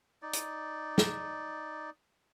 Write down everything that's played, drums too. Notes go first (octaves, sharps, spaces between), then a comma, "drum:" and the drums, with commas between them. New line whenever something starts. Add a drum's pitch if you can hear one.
D#4 D5
drum: hi-hat
drum: snare